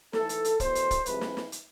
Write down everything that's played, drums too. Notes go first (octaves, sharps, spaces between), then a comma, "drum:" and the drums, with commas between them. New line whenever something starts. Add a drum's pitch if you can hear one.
G#2 E3 A3 A4, drum: snare
drum: hi-hat
drum: hi-hat
E2 B2 A3 C5, drum: kick, hi-hat
drum: hi-hat
drum: kick, hi-hat
C2 C3 F3 G#3 B4, drum: hi-hat
drum: snare
drum: snare
drum: hi-hat